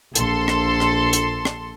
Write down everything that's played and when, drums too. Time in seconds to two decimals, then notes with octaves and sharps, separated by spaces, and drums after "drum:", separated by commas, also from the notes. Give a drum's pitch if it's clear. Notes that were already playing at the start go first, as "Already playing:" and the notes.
0.15 A#1 A4 C6, drum: hi-hat
0.48 drum: rim click
0.80 drum: rim click
1.13 drum: hi-hat
1.45 drum: rim click